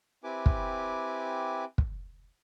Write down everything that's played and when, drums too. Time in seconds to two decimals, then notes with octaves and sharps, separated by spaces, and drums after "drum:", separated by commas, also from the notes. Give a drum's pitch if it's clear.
0.24 C4 E4 G4 B4 G#5 D6
0.46 drum: kick
1.78 drum: kick